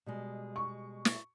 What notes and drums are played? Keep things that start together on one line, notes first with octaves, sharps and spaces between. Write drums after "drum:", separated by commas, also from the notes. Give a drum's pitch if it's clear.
B2 G3 G#3
C#6
drum: snare